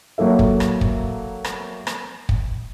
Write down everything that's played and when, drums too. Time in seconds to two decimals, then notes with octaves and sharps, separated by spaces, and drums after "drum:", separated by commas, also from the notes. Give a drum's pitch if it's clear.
0.18 F#3 A#3 A4 E5
0.39 drum: kick
0.60 drum: rim click
0.81 drum: kick
1.44 drum: rim click
1.87 drum: rim click
2.29 drum: kick